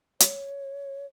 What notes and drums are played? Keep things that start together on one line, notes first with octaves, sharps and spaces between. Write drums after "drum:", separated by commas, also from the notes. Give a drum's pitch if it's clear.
C#5, drum: hi-hat